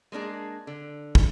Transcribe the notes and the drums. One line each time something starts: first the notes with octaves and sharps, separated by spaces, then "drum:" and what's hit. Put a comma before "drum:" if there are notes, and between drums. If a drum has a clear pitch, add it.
G#3 A#3 D4 G#4
D3
drum: kick